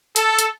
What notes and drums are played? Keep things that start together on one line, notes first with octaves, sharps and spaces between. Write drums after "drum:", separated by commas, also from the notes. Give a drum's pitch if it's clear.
A4, drum: hi-hat
drum: hi-hat